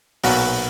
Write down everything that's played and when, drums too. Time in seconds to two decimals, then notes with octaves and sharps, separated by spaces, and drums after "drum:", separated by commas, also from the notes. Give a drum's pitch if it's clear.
0.24 B1 A#2 F#3 B3 F#4, drum: open hi-hat